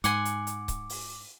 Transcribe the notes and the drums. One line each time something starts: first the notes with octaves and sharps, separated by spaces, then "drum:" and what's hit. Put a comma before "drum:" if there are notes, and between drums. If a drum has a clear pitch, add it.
G#2 F#5 G#5 C6 D6, drum: hi-hat
drum: hi-hat
drum: hi-hat
drum: kick C#1, hi-hat
drum: open hi-hat